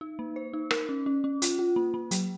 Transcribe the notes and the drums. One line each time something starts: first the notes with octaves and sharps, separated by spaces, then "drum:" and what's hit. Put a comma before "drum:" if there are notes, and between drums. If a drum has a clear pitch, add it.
D#4
A#3
C5
D#4
A#4, drum: rim click
C#4
C#4
C#4
F4, drum: hi-hat
F4
A#3
A#3
F#3, drum: hi-hat